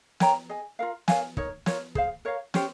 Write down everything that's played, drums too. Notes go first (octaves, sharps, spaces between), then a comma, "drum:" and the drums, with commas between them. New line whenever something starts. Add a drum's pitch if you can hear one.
A#4 C#5 G5 A#5, drum: snare
G#4 D#5 G#5
F4 A#4 F5
A#4 C#5 F5 G#5, drum: snare
D#4 A#4 C#5, drum: kick
F4 A#4 C#5, drum: snare
G#4 C5 F5, drum: kick
A#4 C#5 F5
C#4 G4 C5, drum: snare